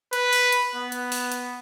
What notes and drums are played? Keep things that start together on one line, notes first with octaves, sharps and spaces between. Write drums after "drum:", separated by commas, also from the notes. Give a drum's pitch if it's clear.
B4, drum: hi-hat
drum: open hi-hat
drum: hi-hat
B3
drum: hi-hat
drum: open hi-hat
drum: hi-hat